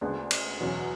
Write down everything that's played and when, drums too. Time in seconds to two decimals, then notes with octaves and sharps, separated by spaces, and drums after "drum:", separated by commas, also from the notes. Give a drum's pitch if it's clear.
0.01 D2 C#3 G#3 B3 D4
0.31 drum: cymbal
0.60 E2 B2 F#3 C#4 E4